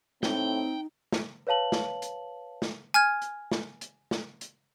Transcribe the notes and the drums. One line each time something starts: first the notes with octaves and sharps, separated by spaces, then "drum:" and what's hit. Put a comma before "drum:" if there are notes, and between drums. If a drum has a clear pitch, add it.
A2 C4 D#4 G5, drum: snare
drum: snare
B4 C#5 F5 A5 F#7
drum: snare
drum: hi-hat
drum: snare
G#5 F6 G#6
drum: hi-hat
drum: snare
drum: hi-hat
drum: snare
drum: hi-hat